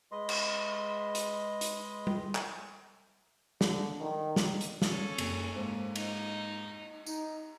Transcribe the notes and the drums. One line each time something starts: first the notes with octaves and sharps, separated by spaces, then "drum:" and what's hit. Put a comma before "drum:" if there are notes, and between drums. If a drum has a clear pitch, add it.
G#3 B4 D#5 C6
drum: cymbal
drum: hi-hat
drum: hi-hat
drum: tom G3
drum: clap
D3, drum: snare
D#3
drum: snare
drum: hi-hat
C#4 A4, drum: snare
F#1, drum: cymbal
G#2 A#3 C5
D#4, drum: cymbal
D#4, drum: tambourine